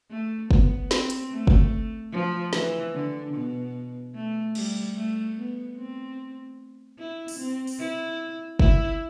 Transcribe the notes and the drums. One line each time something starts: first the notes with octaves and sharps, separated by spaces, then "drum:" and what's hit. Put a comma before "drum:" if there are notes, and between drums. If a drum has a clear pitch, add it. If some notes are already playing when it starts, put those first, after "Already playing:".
A3
B3, drum: kick F#1
C4, drum: snare
drum: hi-hat
A3
drum: kick F#1
F3
E3, drum: snare
D3
B2
A3
G3, drum: cymbal
A3
B3
C4
E4
drum: open hi-hat
C4
drum: open hi-hat
E4
E4, drum: kick F#1